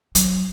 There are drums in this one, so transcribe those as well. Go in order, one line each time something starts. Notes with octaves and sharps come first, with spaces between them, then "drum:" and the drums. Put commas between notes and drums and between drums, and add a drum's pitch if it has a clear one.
F#3, drum: hi-hat